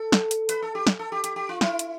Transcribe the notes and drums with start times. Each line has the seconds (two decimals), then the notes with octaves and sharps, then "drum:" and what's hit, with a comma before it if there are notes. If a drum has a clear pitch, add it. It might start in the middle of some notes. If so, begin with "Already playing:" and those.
Already playing: A4
0.12 drum: snare
0.31 drum: hi-hat
0.49 B4, drum: hi-hat
0.62 A4
0.75 G4
0.87 drum: snare
0.99 A4
1.12 G4
1.24 G4, drum: hi-hat
1.36 G4
1.49 F4
1.61 E4, drum: snare
1.79 drum: hi-hat